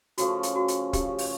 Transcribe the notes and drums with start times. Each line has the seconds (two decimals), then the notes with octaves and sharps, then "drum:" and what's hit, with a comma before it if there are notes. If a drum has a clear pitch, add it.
0.18 C#3 F3 A3 C#4 F#4, drum: hi-hat
0.43 drum: hi-hat
0.55 F#4
0.68 drum: hi-hat
0.93 C#3 F3 A3 C#4 G4, drum: kick, hi-hat
1.18 drum: open hi-hat